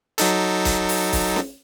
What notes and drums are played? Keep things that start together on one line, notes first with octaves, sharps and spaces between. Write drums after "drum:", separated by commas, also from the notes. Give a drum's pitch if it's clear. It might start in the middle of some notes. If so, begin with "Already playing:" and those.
F#3 D#4 A4, drum: hi-hat
drum: kick, hi-hat
drum: open hi-hat
drum: kick, open hi-hat
drum: snare